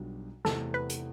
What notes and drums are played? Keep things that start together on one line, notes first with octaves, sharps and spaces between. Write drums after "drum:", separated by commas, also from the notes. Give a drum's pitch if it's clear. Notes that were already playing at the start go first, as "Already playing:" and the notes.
Already playing: B1 B2 G3 D4 F4
E2 C3 E3 A3 A4, drum: snare
B4
drum: hi-hat